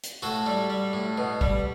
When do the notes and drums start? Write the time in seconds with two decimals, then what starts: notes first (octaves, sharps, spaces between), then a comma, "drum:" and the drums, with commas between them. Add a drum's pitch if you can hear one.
0.03 drum: hi-hat
0.22 A2 F#4 A4
0.46 G3
0.70 G3
0.93 A2
1.18 B2
1.41 G3, drum: kick